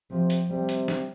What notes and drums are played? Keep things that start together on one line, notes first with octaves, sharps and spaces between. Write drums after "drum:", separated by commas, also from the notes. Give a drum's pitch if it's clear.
C3 F3
drum: hi-hat
C3 G3
drum: hi-hat
drum: snare